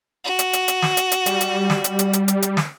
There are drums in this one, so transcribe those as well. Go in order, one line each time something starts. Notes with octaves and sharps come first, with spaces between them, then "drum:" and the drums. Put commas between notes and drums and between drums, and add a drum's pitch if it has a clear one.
F#4
drum: hi-hat
drum: hi-hat
drum: hi-hat
drum: snare
drum: hi-hat
drum: hi-hat
G3, drum: hi-hat
drum: hi-hat
drum: snare
drum: hi-hat
drum: hi-hat
drum: hi-hat
drum: hi-hat
drum: hi-hat
drum: snare